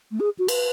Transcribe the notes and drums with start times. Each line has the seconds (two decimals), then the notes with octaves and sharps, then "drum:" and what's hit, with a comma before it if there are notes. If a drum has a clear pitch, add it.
0.11 A3
0.20 G#4
0.39 F#4
0.48 B4, drum: cymbal